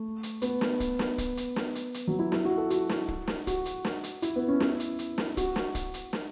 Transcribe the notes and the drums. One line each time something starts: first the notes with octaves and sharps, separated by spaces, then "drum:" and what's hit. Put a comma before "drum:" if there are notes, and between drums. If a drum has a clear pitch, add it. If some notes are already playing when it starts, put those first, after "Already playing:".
Already playing: A3
drum: hi-hat
B3, drum: hi-hat
drum: snare
drum: kick, hi-hat
drum: snare
drum: kick, hi-hat
drum: hi-hat
drum: snare
drum: hi-hat
drum: hi-hat
F#3
E4
E4, drum: snare
F#4
A4
F#4, drum: hi-hat
drum: snare
drum: kick
drum: snare
F#4, drum: kick, hi-hat
drum: hi-hat
drum: snare
drum: hi-hat
E4, drum: hi-hat
B3
C#4
E4, drum: snare
drum: hi-hat
drum: hi-hat
drum: snare
F#4, drum: kick, hi-hat
drum: snare
drum: kick, hi-hat
drum: hi-hat
drum: snare